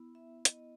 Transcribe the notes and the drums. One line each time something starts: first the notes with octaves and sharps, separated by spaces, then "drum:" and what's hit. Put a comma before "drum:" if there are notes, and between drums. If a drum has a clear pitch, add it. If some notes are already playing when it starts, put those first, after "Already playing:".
Already playing: B3 E4
E5
D#5, drum: hi-hat